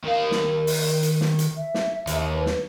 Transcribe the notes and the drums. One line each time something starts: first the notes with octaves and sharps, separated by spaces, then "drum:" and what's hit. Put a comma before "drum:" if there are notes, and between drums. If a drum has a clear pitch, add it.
D#3 A#4 F5
drum: snare
drum: open hi-hat
drum: hi-hat
drum: snare
drum: hi-hat
E5
drum: snare
D#2, drum: hi-hat
B4
drum: snare